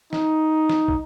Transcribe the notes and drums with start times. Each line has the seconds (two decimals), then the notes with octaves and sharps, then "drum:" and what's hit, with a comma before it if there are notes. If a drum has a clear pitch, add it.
0.13 D#4, drum: snare
0.69 drum: snare
0.88 drum: kick